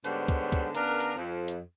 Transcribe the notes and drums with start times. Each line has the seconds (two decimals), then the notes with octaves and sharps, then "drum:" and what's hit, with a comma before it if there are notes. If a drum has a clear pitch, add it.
0.04 G#2 D3 G3 B3 C5 C#5, drum: hi-hat
0.28 drum: kick, hi-hat
0.52 drum: kick, hi-hat
0.75 C#3 B3 D4 A#4, drum: hi-hat
1.00 drum: hi-hat
1.16 F2
1.48 drum: hi-hat